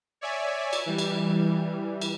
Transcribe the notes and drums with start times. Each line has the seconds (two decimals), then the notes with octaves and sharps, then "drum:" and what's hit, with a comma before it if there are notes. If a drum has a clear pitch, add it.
0.21 C#5 D5 E5 G#5
0.73 drum: cymbal
0.86 E3 G3
0.98 drum: cymbal
2.02 drum: cymbal